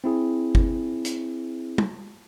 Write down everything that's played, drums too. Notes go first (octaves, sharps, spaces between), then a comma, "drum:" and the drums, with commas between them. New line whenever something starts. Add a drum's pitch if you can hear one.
C4 E4 G#4
drum: kick G1
drum: hi-hat
drum: tom